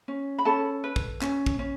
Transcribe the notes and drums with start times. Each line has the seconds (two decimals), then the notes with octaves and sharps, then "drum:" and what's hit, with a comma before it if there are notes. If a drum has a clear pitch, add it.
0.08 C#4
0.38 B5
0.45 C#4 A4 A5
0.84 B4
0.96 drum: kick
1.21 C#4, drum: clap
1.46 drum: kick
1.59 C#4